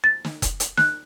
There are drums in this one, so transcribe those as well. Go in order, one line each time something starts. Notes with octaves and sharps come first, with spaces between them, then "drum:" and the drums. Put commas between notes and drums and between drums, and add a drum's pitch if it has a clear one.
A6
drum: snare
drum: kick F1, hi-hat
drum: hi-hat
F#6, drum: snare